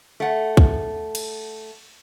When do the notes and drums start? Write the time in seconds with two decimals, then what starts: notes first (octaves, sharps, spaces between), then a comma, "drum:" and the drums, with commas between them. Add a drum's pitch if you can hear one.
0.20 A3 F#5
0.57 drum: kick
1.15 drum: cymbal